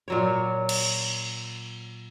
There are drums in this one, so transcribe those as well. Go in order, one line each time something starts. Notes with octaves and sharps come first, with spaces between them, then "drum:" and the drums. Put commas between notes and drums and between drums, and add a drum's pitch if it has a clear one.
A#2 F#3 C#5
drum: cymbal